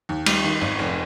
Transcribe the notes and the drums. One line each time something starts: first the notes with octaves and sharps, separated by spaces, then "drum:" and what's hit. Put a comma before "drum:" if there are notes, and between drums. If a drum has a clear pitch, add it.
D#2
G3, drum: cymbal
D#3
G#1
F1